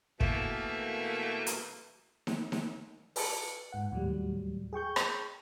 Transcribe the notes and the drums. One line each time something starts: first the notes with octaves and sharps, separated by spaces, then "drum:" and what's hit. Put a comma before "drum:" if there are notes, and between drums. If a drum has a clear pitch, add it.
B2 E3 A3 A#3, drum: kick
drum: hi-hat
drum: snare D#4
drum: snare D#4
B4 A5 C#7, drum: open hi-hat
G#2 F#5
D#2 A2 F#3 G3
G#4 G5 C#6 G6
drum: rim click